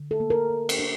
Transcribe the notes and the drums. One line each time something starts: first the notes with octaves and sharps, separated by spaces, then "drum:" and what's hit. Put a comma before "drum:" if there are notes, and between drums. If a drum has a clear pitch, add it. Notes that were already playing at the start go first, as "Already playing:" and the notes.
Already playing: D3
A4
A#3
A#4
A#3
drum: cymbal
D4